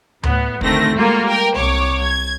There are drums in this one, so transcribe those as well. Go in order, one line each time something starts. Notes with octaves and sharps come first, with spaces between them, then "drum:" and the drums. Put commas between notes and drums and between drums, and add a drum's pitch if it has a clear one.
A2 B3, drum: tom D2
D2 D#3 A3 C4 A#6, drum: kick
G3 G#3 A#3 F4 F#4
A#4 G5
C2 C#5 D6
G#6